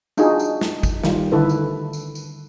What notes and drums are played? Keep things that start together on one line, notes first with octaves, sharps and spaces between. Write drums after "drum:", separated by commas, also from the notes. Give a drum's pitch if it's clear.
D4 D#4 F4 F#4 G#4, drum: tambourine
drum: tambourine
drum: snare
drum: kick, tambourine
D#3 G3 F4, drum: snare
D3 D#3 E4 A4 B4
drum: tambourine
drum: tambourine
drum: tambourine